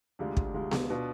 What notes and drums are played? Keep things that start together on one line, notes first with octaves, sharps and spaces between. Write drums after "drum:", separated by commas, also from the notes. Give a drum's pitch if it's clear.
D2 C3 G#3 D4 F4
drum: kick
D2 C3 G#3 D4 F4
drum: snare B3
B2 B3 D4 F4